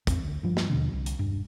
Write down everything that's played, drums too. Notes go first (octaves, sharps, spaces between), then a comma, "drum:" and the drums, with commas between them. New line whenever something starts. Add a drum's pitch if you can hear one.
A1 E2 C4, drum: kick, hi-hat
D2
G2 F3
drum: snare
D#2 B2 D3
C2
drum: hi-hat
E1 G2